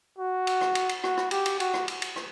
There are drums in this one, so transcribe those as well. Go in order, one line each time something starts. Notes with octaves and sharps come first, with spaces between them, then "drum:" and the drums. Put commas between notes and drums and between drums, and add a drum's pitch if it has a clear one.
F#4
drum: cymbal
drum: rim click
drum: cymbal
drum: cymbal
F#4, drum: rim click
drum: rim click
G4, drum: cymbal
drum: cymbal
F#4, drum: cymbal
drum: rim click
drum: cymbal
drum: cymbal
drum: rim click